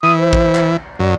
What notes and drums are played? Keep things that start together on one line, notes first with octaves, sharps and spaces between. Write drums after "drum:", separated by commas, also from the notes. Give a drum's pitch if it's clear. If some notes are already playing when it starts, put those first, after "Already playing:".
E3 D#6
C5
drum: kick A1
drum: clap
F#2 D5